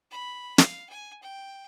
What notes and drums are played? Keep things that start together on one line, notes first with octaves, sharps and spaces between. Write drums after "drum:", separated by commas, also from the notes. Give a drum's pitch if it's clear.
B5
F5, drum: snare
G#5
G5